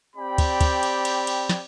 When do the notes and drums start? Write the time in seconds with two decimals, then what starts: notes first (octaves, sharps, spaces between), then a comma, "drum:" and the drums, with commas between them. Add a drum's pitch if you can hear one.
0.16 C4 G4 D5 G5 B5
0.38 drum: kick, cymbal
0.61 drum: kick, cymbal
0.83 drum: cymbal
1.05 drum: cymbal
1.27 drum: cymbal
1.49 drum: snare